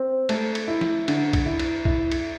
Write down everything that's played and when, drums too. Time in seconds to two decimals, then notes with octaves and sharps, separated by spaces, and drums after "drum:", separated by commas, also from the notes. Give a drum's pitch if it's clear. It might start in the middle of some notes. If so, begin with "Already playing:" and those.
Already playing: C4
0.29 A3, drum: cymbal
0.55 drum: cymbal
0.68 E4
0.81 drum: snare
1.08 D3, drum: cymbal
1.33 drum: kick B1, cymbal
1.46 E4
1.59 drum: cymbal
1.85 E4, drum: kick B1
2.12 drum: cymbal